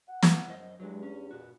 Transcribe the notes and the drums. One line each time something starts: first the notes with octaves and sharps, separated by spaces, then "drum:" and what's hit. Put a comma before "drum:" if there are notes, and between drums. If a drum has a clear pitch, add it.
F#5
drum: snare
F#2 C5 D#5
E2 G2 F#3 G#3
C#4
A#2 F#4